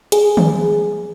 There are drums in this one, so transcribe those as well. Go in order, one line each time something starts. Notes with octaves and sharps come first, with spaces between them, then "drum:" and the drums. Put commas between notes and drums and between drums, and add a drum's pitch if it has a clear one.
G#4, drum: hi-hat
drum: tom D#3